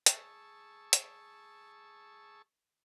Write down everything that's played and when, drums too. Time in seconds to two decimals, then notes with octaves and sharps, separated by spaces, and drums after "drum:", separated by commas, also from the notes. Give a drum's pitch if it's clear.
0.06 G#4 A5 C#6 E6, drum: hi-hat
0.93 drum: hi-hat